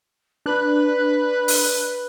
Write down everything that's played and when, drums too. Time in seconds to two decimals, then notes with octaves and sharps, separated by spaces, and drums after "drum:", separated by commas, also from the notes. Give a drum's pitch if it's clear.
0.46 D4 B4 F#6
1.48 drum: open hi-hat